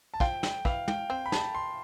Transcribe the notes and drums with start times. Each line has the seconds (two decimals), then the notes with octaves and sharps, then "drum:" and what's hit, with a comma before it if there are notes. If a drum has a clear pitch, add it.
0.14 A5
0.20 F3 F4 G5, drum: kick
0.43 G5, drum: snare
0.65 E3 E4 F5, drum: kick
0.88 G5, drum: tom
1.10 C4 G5
1.26 B5
1.32 A5, drum: snare
1.55 C6